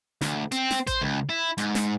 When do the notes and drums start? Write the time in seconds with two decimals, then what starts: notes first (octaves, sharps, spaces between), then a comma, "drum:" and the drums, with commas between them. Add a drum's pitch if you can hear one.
0.21 D2, drum: snare
0.52 C4, drum: hi-hat
0.71 drum: snare
0.87 C5, drum: kick A1, hi-hat
1.01 C#2
1.29 E4
1.58 G#2, drum: hi-hat
1.75 drum: snare